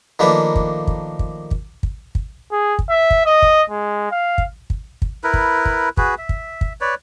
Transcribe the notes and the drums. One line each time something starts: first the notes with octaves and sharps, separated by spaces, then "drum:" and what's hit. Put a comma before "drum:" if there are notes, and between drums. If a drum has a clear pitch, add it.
D#3 F3 A3 A#3 D4 B4
drum: kick
drum: kick
drum: kick
drum: kick
drum: kick
drum: kick
G#4
drum: kick
E5
drum: kick
D#5
drum: kick
G#3
F5
drum: kick
drum: kick
drum: kick
E4 A#4 B4
drum: kick
drum: kick
F#4 G#4 B4, drum: kick
E5
drum: kick
drum: kick
B4 C#5 D5